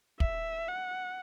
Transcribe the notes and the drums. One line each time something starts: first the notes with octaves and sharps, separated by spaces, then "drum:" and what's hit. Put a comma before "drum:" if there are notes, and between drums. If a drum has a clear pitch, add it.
E5, drum: kick
F#5